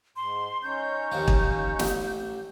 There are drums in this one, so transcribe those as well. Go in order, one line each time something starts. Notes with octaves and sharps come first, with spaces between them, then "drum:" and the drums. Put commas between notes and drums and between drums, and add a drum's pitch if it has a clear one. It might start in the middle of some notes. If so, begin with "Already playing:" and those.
G#2 C6
C#4 D#4 C#5 G6
D#2 F3
drum: kick
A1, drum: snare